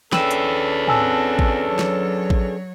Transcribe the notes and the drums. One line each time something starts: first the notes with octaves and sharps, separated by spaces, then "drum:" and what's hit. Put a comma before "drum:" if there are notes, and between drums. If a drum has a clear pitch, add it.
C#4 D4 G#4 A4 B4 G5 E6 E7, drum: snare
drum: hi-hat
C4 F#4 G#5 A5 E6, drum: tom
drum: kick A1
F#3 C#5
drum: snare
drum: kick A1